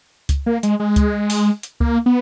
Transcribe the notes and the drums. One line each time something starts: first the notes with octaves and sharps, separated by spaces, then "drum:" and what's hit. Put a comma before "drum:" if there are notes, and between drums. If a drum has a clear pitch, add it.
drum: kick C#2, hi-hat
A#3
G#3, drum: hi-hat
G#3
drum: kick C#2, hi-hat
drum: open hi-hat
drum: hi-hat
A#3, drum: kick C#2
B3